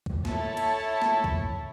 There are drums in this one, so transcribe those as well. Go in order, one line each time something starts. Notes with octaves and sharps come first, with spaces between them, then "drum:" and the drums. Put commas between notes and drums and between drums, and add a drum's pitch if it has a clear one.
drum: kick
E4 A4 C#5 A5, drum: snare
drum: cymbal
drum: snare
drum: kick